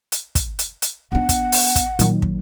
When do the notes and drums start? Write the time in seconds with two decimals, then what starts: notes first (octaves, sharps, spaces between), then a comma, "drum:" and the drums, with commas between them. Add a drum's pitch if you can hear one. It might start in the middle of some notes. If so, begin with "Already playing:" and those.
0.12 drum: hi-hat
0.35 drum: kick, hi-hat
0.59 drum: hi-hat
0.82 drum: hi-hat
1.12 B3 D4 F#5
1.29 drum: kick, hi-hat
1.52 drum: open hi-hat
1.76 drum: kick, hi-hat
1.99 A#2 D#3 F#3 A#3, drum: hi-hat
2.22 drum: kick